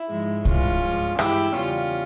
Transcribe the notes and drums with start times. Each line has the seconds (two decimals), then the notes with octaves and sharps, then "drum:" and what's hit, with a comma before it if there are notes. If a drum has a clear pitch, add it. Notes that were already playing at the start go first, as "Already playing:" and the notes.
Already playing: E4
0.09 G#2 F3 G#3
0.45 G2 E3 G#3 C#4 F4, drum: kick C2
0.83 G2 F3 G#3
1.19 G2 E3 G#3 E4 G4, drum: rim click
1.55 E2 C#3 G3 C#4 F4